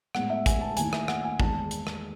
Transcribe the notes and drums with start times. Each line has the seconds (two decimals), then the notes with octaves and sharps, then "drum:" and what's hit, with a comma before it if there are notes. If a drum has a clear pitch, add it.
0.15 A2 G#3 B3 F#5, drum: rim click
0.30 E5
0.46 G#5, drum: kick, hi-hat
0.61 A5
0.77 D#2 D#3 A3 E4 G#5, drum: hi-hat
0.93 E5, drum: rim click
1.08 F#5, drum: rim click
1.24 G#5
1.40 E2 D#3 G#3 D#4 A5, drum: kick
1.71 drum: hi-hat
1.87 drum: rim click